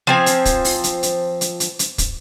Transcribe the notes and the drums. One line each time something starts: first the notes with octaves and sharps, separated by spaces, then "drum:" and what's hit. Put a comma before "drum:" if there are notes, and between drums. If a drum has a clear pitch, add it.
F3 C4 G#5
drum: hi-hat
drum: kick, hi-hat
drum: open hi-hat
drum: hi-hat
drum: hi-hat
drum: hi-hat
drum: hi-hat
drum: hi-hat
drum: kick, hi-hat